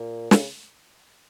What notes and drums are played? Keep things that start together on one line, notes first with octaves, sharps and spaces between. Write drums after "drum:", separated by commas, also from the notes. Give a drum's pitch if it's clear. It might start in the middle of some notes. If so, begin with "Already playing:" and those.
Already playing: A#2
C#3, drum: snare